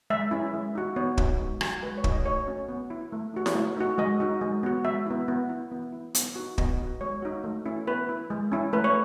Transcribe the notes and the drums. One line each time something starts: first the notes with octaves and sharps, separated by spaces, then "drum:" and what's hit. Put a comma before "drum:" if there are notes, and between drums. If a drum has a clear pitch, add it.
G#3 E5
C#4 E4
G#3
D#4 F#4
B3 C#5
D#4 F#4, drum: kick
G#3
D#4 F#4, drum: rim click
G#3 B4
C#5
D#4 F#4, drum: kick
D#5
A3 C#5
C#4 F#4
B3
E4
A3
D#4 F#4
drum: snare E4
A3
D#4 F#4
G#3 D#5
D#4 F#4
G#3
B3 F#4
G#3 E5
B3 E4
B3
E4
B3
E4
B3, drum: hi-hat
D#4 F#4
B3 D#5, drum: kick
D#4 F#4
G#3 C#5
D#4 F#4
A3
C#4 E4
B3 B4
E4
G#3
C#4 E4
A3 B4
C#5